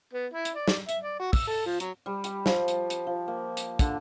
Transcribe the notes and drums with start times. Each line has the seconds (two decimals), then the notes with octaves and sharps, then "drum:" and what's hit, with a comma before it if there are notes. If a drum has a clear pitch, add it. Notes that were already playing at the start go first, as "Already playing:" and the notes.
0.14 B3
0.34 E4
0.45 drum: hi-hat
0.56 D5
0.68 drum: snare
0.89 E5, drum: hi-hat
1.03 D5
1.20 F#4
1.33 E6, drum: kick, open hi-hat
1.48 A4
1.67 F3
1.80 F#3, drum: hi-hat
2.06 G3
2.24 G4, drum: hi-hat
2.46 F3, drum: snare
2.68 drum: hi-hat
2.90 drum: hi-hat
3.07 F3
3.28 A#3
3.57 drum: hi-hat
3.79 D3, drum: kick, hi-hat